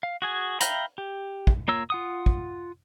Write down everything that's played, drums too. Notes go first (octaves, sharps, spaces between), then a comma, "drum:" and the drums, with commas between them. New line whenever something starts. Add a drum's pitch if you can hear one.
F5
F#4 G#4 G#5
E5 F5 G5 A#5 B5, drum: hi-hat
G4
drum: kick
A#3 F4 C#5 A#5 E6
F4 F#5 D#6
drum: kick